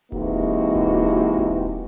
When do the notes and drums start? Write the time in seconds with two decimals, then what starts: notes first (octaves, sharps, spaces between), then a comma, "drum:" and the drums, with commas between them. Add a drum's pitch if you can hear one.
0.12 C3 E3 G#3 A#3 D#4 F#4, drum: kick D#1
0.75 drum: kick D#1
1.38 drum: kick D#1